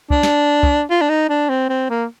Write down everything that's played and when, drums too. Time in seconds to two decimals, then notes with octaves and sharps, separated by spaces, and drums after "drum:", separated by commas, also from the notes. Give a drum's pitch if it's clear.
0.10 D4, drum: kick
0.23 drum: snare
0.63 drum: kick
0.90 F4
1.01 D4
1.09 D#4
1.29 D4
1.49 C4
1.69 C4
1.90 A#3